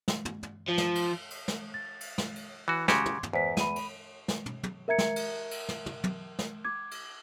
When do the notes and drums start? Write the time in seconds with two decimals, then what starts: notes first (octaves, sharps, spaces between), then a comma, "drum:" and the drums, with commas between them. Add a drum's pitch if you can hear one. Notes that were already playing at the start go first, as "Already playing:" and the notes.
0.08 drum: snare
0.25 drum: tom
0.43 drum: tom
0.69 F3
0.78 drum: snare
0.95 drum: cymbal
1.30 drum: cymbal
1.48 drum: snare
1.74 A6
2.00 drum: cymbal
2.18 drum: snare
2.36 drum: cymbal
2.68 E3 F#4
2.88 C#3 F#4 G4 C6 D6 G#6, drum: snare
3.06 drum: tom
3.23 drum: tom
3.33 E2 C5 B6
3.57 B5 D#7, drum: snare
3.76 drum: cymbal
4.28 drum: snare
4.46 drum: tom
4.63 drum: tom
4.88 A#4 E5 A#5 G#6 C#7
4.98 drum: snare
5.16 drum: cymbal
5.51 drum: cymbal
5.69 drum: snare
5.86 drum: tom
6.04 drum: tom
6.39 drum: snare
6.65 D6 G#6
6.91 drum: cymbal